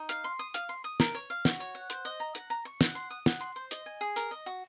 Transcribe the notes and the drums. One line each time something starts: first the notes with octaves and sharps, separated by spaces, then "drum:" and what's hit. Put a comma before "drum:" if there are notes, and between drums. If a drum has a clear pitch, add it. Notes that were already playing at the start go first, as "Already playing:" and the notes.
Already playing: D#4
F5, drum: hi-hat
C6
D#6
F5, drum: hi-hat
C6
D#6
A#4, drum: snare
C#5
F5
F#4, drum: snare
C#5
F#5
C5, drum: hi-hat
D#5
A#5
F#5, drum: hi-hat
A#5
C#6
F#5, drum: snare
C6
D#6
F#5, drum: snare
C6
C5
D#5, drum: hi-hat
G#5
G#4
A#4, drum: hi-hat
D#5
F#4